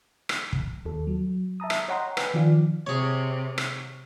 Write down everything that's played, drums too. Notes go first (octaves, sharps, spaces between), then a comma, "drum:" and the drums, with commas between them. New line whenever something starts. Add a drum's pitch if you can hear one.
drum: rim click
drum: kick
D#2 A4
F#3
E5 A5 A#5 D#6
drum: rim click
C#5 D#5 F#5 G5 A#5 C6
B4 G5 G#5, drum: rim click
D#3 F3 F4 D5 F5
C3 G#4 C#5
drum: rim click